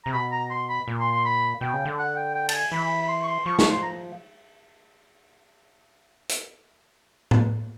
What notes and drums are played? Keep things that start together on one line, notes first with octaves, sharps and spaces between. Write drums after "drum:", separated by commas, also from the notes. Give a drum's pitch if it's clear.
C3 A#5
B2 B5
A#5
C6
B5
A#2
C6
C6
B5
B2 G5
C#3
D3
F#5
G5
G5
A5, drum: cymbal
G#5
E3 B5
B5
C6
C#6
C6
F3 C#6
C#6, drum: snare
C6
A#5
drum: hi-hat
drum: tom A2